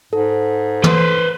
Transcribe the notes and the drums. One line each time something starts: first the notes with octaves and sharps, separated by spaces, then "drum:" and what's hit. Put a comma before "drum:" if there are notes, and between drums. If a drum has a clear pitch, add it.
G#2 A4
B4 C5, drum: tom